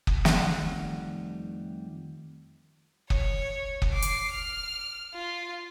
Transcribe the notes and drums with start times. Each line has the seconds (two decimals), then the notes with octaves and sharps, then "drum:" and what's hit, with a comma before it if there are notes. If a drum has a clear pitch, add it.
0.07 drum: kick
0.25 F2 D#3 G3 A3 F#5, drum: snare
3.10 C#5, drum: kick
3.82 drum: kick
3.93 D6 C7
4.02 drum: hi-hat
4.32 F6
5.14 F4